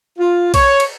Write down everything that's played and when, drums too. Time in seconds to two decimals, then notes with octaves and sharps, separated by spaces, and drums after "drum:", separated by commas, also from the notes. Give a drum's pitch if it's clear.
0.19 F4
0.54 C#5, drum: kick B1, cymbal
0.80 drum: cymbal